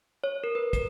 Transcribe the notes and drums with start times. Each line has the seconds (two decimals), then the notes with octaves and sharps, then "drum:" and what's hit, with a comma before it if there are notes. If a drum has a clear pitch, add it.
0.24 C#5
0.44 A#4
0.55 B4
0.73 A#4, drum: kick, hi-hat